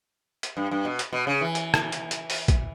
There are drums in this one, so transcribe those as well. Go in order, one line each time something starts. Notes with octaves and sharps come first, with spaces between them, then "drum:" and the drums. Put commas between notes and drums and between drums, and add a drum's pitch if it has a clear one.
drum: hi-hat
G2
G2
B2
drum: hi-hat
B2
C#3
E3
drum: hi-hat
drum: rim click
drum: hi-hat
drum: hi-hat
drum: open hi-hat
drum: kick, hi-hat